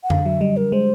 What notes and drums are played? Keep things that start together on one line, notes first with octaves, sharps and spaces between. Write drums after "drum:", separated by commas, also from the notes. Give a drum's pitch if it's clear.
F#5
D3 F5, drum: tom F2
F#3 E5
G3 D#5
A#4
G#3 C5